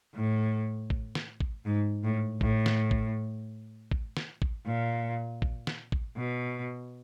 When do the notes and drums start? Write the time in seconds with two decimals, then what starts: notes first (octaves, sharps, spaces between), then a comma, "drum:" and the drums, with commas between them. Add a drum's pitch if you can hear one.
0.15 A2
0.90 drum: kick
1.15 drum: snare
1.40 drum: kick
1.65 G#2
2.04 A2
2.41 A2, drum: kick
2.66 drum: snare
2.91 drum: kick
3.91 drum: kick
4.17 drum: snare
4.42 drum: kick
4.66 A#2
5.42 drum: kick
5.67 drum: snare
5.92 drum: kick
6.17 B2